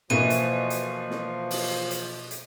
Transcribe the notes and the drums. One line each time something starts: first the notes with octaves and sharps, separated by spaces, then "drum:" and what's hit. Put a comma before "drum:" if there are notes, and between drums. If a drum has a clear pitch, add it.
B2 D3 E3 F3 A#3 D#7
drum: hi-hat
drum: hi-hat
drum: snare
drum: open hi-hat
drum: hi-hat
drum: hi-hat